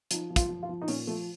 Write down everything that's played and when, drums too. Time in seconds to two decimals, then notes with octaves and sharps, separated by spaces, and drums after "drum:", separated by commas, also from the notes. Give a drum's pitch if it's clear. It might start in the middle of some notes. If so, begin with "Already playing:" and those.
0.11 F3 D#4, drum: hi-hat
0.30 F3
0.36 F4, drum: kick, hi-hat
0.49 F3
0.63 F4
0.69 F3
0.82 D#4
0.88 A#2 C#4, drum: open hi-hat
1.07 F3 A3